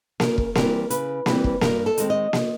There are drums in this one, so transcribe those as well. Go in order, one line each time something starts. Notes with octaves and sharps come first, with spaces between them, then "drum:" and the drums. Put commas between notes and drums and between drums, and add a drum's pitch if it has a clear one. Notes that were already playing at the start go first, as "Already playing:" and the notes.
C#3 A#4, drum: snare A#3
drum: kick
E3 G3 C4 A#4, drum: snare A#3
C#3 B4, drum: hi-hat
E3 G3 C4 B4, drum: snare A#3
drum: kick
G2 A#4, drum: snare A#3
A4
D#3 G#3 C4, drum: hi-hat
D#5
drum: snare A#3